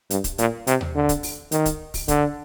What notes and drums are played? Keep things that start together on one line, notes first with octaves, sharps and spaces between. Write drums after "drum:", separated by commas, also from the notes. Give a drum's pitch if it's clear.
G2, drum: hi-hat
drum: kick, hi-hat
A#2, drum: hi-hat
C3, drum: hi-hat
drum: tom D#2
D3
drum: kick, hi-hat
drum: open hi-hat
D#3, drum: hi-hat
drum: kick, hi-hat
drum: kick, open hi-hat
D3, drum: kick, hi-hat